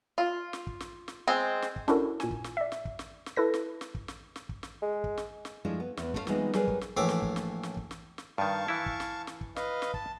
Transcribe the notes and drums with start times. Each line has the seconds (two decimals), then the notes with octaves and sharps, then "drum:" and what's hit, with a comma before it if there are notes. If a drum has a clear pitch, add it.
0.18 F4
0.53 drum: snare
0.67 drum: kick
0.80 drum: snare
1.08 drum: snare
1.28 G#3 C4
1.62 drum: snare
1.76 drum: kick
1.88 C#4 D4 E4 F#4 A4 A#4, drum: snare
2.20 A#2 G#5, drum: snare
2.31 drum: kick
2.44 drum: snare
2.57 D5 E5
2.72 drum: snare
2.85 drum: kick
2.99 drum: snare
3.26 drum: snare
3.36 E4 A4 B4 A#6
3.54 drum: snare
3.81 drum: snare
3.95 drum: kick
4.08 drum: snare
4.36 drum: snare
4.49 drum: kick
4.63 drum: snare
4.82 G#3
5.04 drum: kick
5.18 drum: snare
5.45 drum: snare
5.65 F3 G#3 A3 D4 E4
5.80 B3
5.97 E2 B3, drum: snare
6.14 A3 C#4 E4 B4 C5 F5, drum: kick
6.27 E3 G#3 B3 C4 D#4 F4, drum: snare
6.53 F#3 G3 G#4 A#4 B4 D5, drum: snare
6.68 drum: kick
6.81 drum: snare
6.97 A#1 A2 E3 E5 A#5 D6
7.09 drum: snare
7.22 drum: kick
7.36 drum: snare
7.63 drum: snare
7.77 drum: kick
7.91 drum: snare
8.18 drum: snare
8.38 G2 D#3 F5 A5 C#6
8.68 E3 E4
8.86 drum: kick
9.00 drum: snare
9.27 drum: snare
9.41 drum: kick
9.56 B4 D#5 F5, drum: snare
9.82 drum: snare
9.94 A5, drum: kick